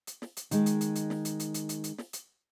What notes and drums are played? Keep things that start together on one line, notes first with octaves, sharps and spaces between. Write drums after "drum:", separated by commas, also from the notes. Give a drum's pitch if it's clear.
drum: hi-hat
drum: snare
drum: hi-hat
D#3 G#3, drum: hi-hat
drum: hi-hat
drum: hi-hat
drum: hi-hat
drum: snare
drum: hi-hat
drum: hi-hat
drum: hi-hat
drum: hi-hat
drum: hi-hat
drum: snare
drum: hi-hat